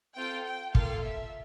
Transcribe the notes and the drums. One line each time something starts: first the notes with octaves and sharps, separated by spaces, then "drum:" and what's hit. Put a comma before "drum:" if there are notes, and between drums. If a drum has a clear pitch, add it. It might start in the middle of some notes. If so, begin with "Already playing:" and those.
C4 F4 A4 G5
G5
A#3 F4 A4 F5, drum: kick
E5